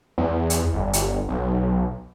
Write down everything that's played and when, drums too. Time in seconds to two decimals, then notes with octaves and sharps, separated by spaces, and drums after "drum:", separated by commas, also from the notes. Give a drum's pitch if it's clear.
0.18 E2
0.50 drum: hi-hat
0.73 G1
0.93 drum: hi-hat
1.29 B1